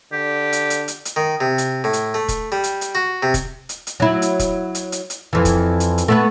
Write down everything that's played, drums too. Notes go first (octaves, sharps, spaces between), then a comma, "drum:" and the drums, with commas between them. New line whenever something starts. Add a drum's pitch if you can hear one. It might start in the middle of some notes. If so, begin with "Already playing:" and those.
D3 G4
drum: hi-hat
drum: hi-hat
drum: hi-hat
drum: hi-hat
D#3
C3
drum: hi-hat
A2
drum: hi-hat
A3
drum: kick, hi-hat
G3
drum: hi-hat
drum: hi-hat
F#4
C3
drum: kick, hi-hat
drum: hi-hat
drum: hi-hat
F#3 E4
drum: hi-hat
drum: kick, hi-hat
drum: hi-hat
drum: hi-hat
drum: hi-hat
F2 E3
drum: kick, hi-hat
drum: hi-hat
drum: hi-hat
A3 B3 B4